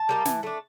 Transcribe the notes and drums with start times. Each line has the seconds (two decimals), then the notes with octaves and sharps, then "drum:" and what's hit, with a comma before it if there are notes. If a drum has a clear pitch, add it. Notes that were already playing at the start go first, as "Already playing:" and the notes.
Already playing: A5
0.09 G3 A#3 D#4
0.25 E3, drum: snare
0.43 A3 D4